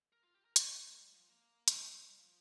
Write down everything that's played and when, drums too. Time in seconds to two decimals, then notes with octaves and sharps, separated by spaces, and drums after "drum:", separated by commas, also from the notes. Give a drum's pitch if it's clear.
0.12 A#4
0.23 F4
0.34 G4
0.45 A#4
0.56 A#4, drum: hi-hat
0.71 G3
0.85 A#3
1.00 G3
1.14 F3
1.29 A#3
1.68 drum: hi-hat
1.87 G3
2.09 G3
2.20 F3